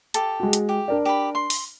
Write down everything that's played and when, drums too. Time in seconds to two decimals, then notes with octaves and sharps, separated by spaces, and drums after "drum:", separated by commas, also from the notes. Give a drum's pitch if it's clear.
0.14 G4 A4, drum: hi-hat
0.40 G#3 F#4
0.53 drum: hi-hat
0.69 G4
0.88 D4 A#4 D5
1.05 G4 B5
1.35 C6
1.50 drum: open hi-hat